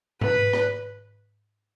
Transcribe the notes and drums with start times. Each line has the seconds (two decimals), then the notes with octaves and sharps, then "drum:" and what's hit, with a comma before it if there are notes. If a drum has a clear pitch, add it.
0.21 B4, drum: tom G#2
0.53 drum: rim click